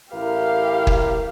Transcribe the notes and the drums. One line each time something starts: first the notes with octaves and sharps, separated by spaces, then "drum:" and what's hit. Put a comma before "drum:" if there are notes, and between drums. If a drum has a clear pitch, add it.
A1 E4 G4 A#4 F5
drum: kick